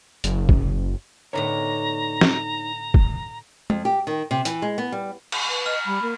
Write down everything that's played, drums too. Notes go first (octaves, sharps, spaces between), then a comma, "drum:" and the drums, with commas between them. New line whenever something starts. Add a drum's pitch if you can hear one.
F#1, drum: hi-hat
drum: kick
A2 D3 B3 D#4 C#5 A#5
drum: snare
drum: kick
F2, drum: tom G#3
G4
D#3
C3
E3, drum: hi-hat
G#3
B3
G3
drum: cymbal
B4
D#5 F6
G3 B5
A#3